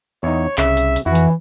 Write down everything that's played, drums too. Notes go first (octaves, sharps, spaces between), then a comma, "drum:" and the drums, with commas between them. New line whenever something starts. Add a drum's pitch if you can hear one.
E2 D#4 C#5
C2 C#3 E5, drum: clap
drum: hi-hat
drum: hi-hat
F2 E3 E4 F#4
drum: hi-hat